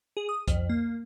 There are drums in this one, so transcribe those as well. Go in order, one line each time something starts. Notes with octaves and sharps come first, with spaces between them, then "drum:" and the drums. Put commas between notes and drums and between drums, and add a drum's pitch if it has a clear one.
G#4
D#6
F2, drum: kick C2, hi-hat
A#3